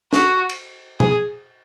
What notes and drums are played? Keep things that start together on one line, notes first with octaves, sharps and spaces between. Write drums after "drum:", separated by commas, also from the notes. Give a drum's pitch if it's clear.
F#4, drum: snare
drum: cymbal
G#4, drum: tom A#2